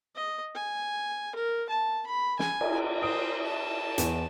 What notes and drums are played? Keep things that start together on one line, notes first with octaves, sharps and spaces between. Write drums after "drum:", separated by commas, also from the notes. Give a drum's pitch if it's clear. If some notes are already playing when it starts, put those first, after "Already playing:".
D#5
G#5
A#4
A5
B5
G#5, drum: snare
drum: cymbal
C5 D#6 D7
A5
E2, drum: hi-hat